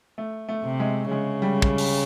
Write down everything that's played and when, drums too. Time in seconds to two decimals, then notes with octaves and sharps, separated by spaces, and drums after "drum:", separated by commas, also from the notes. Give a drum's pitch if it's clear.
0.18 A3
0.48 A3
0.64 C3
0.80 G#3
1.11 C#3 G#3
1.42 G3
1.62 drum: kick
1.78 drum: open hi-hat